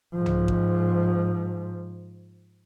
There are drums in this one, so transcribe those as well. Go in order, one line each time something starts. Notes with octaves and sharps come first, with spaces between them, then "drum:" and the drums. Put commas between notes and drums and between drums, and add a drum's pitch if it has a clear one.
G#2 F3
drum: tom C2
drum: kick A1